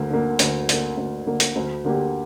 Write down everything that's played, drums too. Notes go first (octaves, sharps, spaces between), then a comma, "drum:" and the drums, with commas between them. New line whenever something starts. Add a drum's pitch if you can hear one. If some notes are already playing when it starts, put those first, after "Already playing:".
Already playing: D2 D3 A#3
D3 A#3
D2, drum: hi-hat
D3 A#3, drum: hi-hat
D2
D3 A#3
drum: hi-hat
D2
D3 A#3 G4